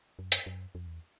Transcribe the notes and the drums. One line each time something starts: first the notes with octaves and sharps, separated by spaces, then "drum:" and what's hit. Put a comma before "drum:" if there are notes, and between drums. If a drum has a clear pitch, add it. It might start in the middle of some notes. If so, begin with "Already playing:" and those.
F#2
drum: hi-hat
F#2
F2
E2